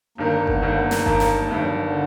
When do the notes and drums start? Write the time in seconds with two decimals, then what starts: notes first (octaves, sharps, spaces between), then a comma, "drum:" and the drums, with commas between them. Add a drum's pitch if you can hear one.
0.18 G1 G2 D#3 A#3
0.33 A#3
0.47 B3, drum: kick G1
0.62 G1 G2 D#3 A#3
0.72 B3
0.81 A#3
0.91 drum: snare
1.05 G1 G2 D#3, drum: kick G1
1.20 drum: snare
1.43 A#3
1.48 G1 G2 D#3 A3
1.61 F#3
1.82 D3